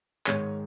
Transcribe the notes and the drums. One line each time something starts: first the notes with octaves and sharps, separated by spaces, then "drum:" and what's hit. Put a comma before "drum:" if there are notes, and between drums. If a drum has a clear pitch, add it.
G#2 D#3 G#3 C#5, drum: clap